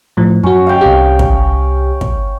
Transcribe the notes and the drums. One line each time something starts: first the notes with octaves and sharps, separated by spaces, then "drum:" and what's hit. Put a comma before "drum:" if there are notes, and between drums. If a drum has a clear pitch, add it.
A2 F3
F#2 C#4 F#4
F5 G5
C2 G4 G5
drum: kick
drum: kick